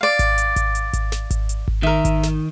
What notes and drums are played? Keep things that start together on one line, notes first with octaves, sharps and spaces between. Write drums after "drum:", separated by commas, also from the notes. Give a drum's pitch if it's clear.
D5 F5
drum: kick G#1, hi-hat
drum: hi-hat
drum: kick G#1, hi-hat
drum: hi-hat
drum: kick G#1, hi-hat
drum: snare
drum: kick G#1, hi-hat
drum: hi-hat
drum: kick G#1
D#3 A#4 E5
drum: kick G#1, hi-hat
drum: snare